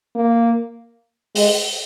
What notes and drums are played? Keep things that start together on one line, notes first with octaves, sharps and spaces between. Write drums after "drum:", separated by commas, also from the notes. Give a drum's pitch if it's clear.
A#3
G#3, drum: open hi-hat